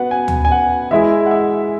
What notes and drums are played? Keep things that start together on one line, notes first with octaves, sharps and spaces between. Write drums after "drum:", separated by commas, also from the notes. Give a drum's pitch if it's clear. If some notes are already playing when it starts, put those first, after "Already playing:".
Already playing: B3 F#4 B4 F#5
G#5
drum: tom D2
G#5
F#5
E3 G#3 E4 G#4 E5
F#5
E5